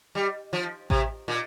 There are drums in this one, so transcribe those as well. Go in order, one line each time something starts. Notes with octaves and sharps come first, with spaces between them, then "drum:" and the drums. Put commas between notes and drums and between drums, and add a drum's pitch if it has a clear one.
G3
F3
C3, drum: kick A1
A#2